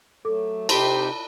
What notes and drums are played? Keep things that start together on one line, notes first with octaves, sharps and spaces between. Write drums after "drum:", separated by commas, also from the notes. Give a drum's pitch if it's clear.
F#3 A3 A4 D6
C3 C4 D#4 G4 C5 A5 B5, drum: cymbal